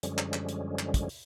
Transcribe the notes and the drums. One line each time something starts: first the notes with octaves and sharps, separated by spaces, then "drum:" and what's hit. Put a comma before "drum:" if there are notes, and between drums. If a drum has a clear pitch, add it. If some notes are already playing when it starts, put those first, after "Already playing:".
F#2 D3 F3 G3 G#3 C#4, drum: hi-hat
drum: clap
drum: clap
drum: hi-hat
drum: clap
drum: kick, hi-hat
drum: open hi-hat